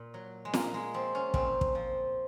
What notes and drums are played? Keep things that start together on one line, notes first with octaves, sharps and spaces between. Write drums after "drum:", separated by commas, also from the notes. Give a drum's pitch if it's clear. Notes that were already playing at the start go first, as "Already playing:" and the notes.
Already playing: A#2
F#3
G#3
A#2 A#3, drum: snare
G#3
F3 C4
C#4
A#2 C4, drum: kick
drum: kick
F3